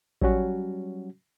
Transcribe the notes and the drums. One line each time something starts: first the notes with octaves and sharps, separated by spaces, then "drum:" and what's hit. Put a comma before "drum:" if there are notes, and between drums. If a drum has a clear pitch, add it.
F#3 G3 C#4 F#4, drum: kick A1